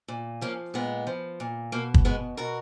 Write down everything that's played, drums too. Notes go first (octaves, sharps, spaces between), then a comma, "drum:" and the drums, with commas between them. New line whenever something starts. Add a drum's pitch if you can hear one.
A#2
F3 A#3 C#4
A#2 G#3 B3
F3
A#2
B2 A#3
drum: kick
B2 G#3 B3
B2 F#4 A#4